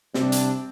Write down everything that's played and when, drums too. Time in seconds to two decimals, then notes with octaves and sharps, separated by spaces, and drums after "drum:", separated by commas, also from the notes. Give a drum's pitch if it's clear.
0.14 C3 G3 C4 D4, drum: snare
0.32 drum: hi-hat